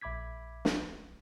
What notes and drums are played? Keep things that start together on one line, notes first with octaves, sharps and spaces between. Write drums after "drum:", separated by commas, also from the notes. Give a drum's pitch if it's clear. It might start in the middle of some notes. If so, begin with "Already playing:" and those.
A#1 E5 B5 D6 G#6 B6
drum: snare